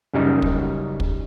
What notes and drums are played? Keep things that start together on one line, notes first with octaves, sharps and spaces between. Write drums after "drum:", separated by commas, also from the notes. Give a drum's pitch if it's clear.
F#2 C#3 G3 D#4
drum: kick
drum: kick